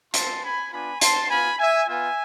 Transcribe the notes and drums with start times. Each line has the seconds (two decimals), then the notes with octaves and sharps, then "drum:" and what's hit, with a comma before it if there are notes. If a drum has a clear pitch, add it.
0.14 A3 C4 F4 A5 C6, drum: hi-hat
0.44 G#5 B5
0.72 B3 D4 F4 G#5 B5
1.01 A5 C6, drum: hi-hat
1.30 B3 F4 G#5 B5
1.59 E5 G#5
1.88 B3 F4 E5 G#5